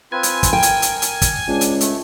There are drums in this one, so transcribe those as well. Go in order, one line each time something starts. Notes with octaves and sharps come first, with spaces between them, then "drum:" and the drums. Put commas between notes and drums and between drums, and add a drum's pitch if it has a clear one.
C4 F4 B4 G#5
drum: hi-hat
drum: kick, hi-hat
A#4 G5
drum: hi-hat
drum: hi-hat
drum: hi-hat
drum: kick, hi-hat
C#2 D4
drum: hi-hat
A3, drum: hi-hat